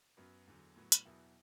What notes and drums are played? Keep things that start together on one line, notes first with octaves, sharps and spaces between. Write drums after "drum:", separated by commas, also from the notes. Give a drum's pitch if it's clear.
F#2 F#3 B3
E2 D3 F#3
A2 F#3 B3
drum: hi-hat
E2 B2 F#3 B3 E4